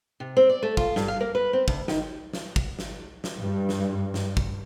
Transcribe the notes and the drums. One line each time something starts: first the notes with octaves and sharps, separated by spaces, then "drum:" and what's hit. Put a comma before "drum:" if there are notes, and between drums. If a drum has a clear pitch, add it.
C3
C4
D5
A3
F4, drum: kick
G2, drum: snare
F5
A#3
B4
C4
D2, drum: kick
D#3, drum: snare
drum: snare
drum: kick
drum: snare
drum: snare
G2
drum: snare
drum: snare
drum: kick